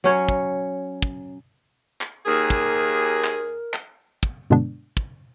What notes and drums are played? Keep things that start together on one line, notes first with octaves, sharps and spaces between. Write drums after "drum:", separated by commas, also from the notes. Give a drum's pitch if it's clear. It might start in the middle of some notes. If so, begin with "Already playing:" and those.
F#3 C#4 C#5
drum: kick
drum: kick
drum: clap
D#2 G#4 A#4
drum: kick
drum: clap
drum: clap
drum: kick
G2 B2 D3 G#3 B3 D4
drum: kick